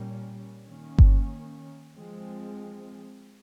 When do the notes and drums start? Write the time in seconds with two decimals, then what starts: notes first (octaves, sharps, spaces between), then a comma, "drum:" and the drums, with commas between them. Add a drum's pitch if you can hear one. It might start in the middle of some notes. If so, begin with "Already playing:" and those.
Already playing: A#2 G3 A#3 C#4
0.66 D#3 A#3 C#4
0.98 drum: kick G1
1.95 F3 G#3 C4